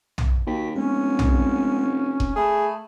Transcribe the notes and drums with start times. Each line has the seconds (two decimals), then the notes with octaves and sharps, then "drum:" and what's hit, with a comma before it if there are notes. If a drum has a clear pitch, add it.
0.18 drum: tom B1
0.47 D#2 F#4 G5 B6
0.76 F1 G#3 B3 C#4
1.19 drum: tom B1
2.20 drum: kick E1
2.36 A3 G#4 G#5 A5 B5